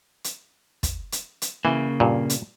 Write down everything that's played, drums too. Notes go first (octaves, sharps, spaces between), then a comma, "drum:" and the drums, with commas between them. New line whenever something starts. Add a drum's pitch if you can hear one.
drum: hi-hat
drum: kick, hi-hat
drum: hi-hat
drum: hi-hat
C#3 E3 A#3
G2 A#2
drum: hi-hat